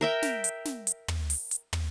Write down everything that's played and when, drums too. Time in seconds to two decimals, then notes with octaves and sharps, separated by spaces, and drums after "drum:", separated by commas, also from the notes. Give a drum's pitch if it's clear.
0.01 A#4 E5 G5
0.22 drum: snare
0.44 drum: hi-hat
0.65 drum: snare
0.87 drum: hi-hat
1.08 drum: tom
1.30 drum: open hi-hat
1.51 drum: hi-hat
1.73 drum: tom